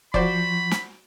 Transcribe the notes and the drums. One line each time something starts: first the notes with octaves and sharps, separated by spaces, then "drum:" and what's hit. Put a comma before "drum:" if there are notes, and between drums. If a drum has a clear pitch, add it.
F3 F#4 C5 D5 B5, drum: kick E1
drum: snare